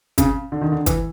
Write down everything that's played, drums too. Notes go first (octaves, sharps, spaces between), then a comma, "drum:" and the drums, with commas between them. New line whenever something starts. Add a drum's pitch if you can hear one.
C#3, drum: kick G1, hi-hat
D3
D#3
D3
E3, drum: kick G1, hi-hat